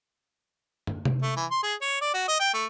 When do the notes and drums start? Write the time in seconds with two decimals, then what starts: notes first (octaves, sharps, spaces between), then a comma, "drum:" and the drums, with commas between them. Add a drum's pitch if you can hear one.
0.87 drum: tom
1.05 drum: tom C3
1.22 A3
1.36 E3
1.51 C6
1.63 G#4
1.81 C#5
2.01 D5
2.14 F#4
2.28 D#5
2.40 G5
2.54 A3